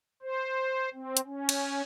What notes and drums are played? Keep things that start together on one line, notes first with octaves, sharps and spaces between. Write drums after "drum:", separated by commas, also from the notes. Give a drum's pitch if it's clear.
C5
C4
drum: hi-hat
C#4
drum: cymbal